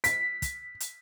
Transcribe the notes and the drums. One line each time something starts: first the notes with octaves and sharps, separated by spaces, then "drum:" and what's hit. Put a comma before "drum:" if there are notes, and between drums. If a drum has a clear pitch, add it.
B6, drum: hi-hat
drum: kick, hi-hat
drum: hi-hat